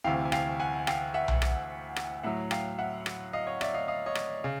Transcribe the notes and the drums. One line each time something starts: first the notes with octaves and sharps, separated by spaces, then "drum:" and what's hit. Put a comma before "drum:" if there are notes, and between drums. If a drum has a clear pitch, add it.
D2 C3 E3 F5 G5
G#5
F5 G5, drum: rim click
F#5 G#5
F5 G5, drum: rim click
E5 F#5
drum: tom B1
drum: rim click
drum: rim click
A2 F#3 E5 F#5
F5 G5, drum: rim click
E5 F#5
drum: rim click
D#5 F5
C#5 D#5
D5 E5, drum: rim click
D#5 F5
D#5 F5
C#5 D#5
drum: rim click
C#3